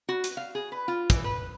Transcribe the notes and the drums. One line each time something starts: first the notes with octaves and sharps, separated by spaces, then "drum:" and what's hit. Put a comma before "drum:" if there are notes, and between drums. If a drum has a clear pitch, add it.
F#4
drum: hi-hat
F5
G#4
B4
F4
E3, drum: kick, hi-hat
B4